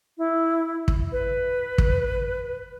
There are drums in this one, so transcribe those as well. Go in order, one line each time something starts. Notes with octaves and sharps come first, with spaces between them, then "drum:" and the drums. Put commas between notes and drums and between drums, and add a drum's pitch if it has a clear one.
E4
drum: kick
B4
drum: kick